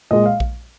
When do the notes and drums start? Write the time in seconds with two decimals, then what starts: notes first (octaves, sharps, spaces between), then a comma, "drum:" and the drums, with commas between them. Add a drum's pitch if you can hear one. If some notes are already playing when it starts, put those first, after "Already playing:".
0.11 A#2 G#3 D#5
0.26 F5
0.40 drum: kick A#1